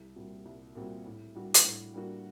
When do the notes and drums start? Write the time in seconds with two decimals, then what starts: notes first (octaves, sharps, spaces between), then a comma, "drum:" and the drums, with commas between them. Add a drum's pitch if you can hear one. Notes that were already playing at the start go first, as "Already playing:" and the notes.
Already playing: C2
0.16 A#2 G3 C4 F#4
0.45 C2
0.75 A#2 G3 C4 F#4
1.05 A2
1.35 G3 A#3 D4 F#4
1.54 drum: hi-hat
1.64 A2
1.94 G3 A#3 D4 F#4